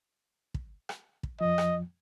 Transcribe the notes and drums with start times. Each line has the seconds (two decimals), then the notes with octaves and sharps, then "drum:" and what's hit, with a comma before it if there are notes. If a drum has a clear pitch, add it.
0.55 drum: kick
0.89 drum: rim click
1.23 drum: kick
1.41 F2 F3 D#5
1.58 drum: rim click